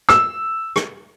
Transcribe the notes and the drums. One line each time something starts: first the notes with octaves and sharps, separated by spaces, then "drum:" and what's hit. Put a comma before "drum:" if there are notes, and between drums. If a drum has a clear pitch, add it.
E6, drum: rim click
drum: rim click